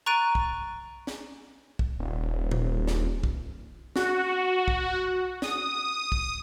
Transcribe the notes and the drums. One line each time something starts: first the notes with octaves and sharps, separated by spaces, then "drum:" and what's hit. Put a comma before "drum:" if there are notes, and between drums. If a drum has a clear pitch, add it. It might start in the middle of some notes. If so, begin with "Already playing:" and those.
A#5 C#6 F#6 A6 D7 D#7
drum: kick
drum: snare
drum: kick
D#1
drum: tom A#2
drum: snare
drum: kick
F#4, drum: snare
drum: kick
D#6, drum: snare
drum: kick